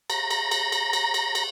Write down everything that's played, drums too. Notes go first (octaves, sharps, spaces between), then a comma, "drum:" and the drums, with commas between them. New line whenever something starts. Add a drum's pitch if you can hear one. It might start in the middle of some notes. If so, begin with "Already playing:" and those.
A#5, drum: cymbal
drum: cymbal
drum: cymbal
drum: cymbal
drum: cymbal
drum: cymbal
drum: cymbal